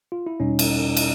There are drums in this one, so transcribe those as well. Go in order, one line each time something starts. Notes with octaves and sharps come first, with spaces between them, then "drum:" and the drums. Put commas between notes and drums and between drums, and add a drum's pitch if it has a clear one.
F4
E4
E2 B2 G3 C#4 D#4
drum: cymbal
drum: cymbal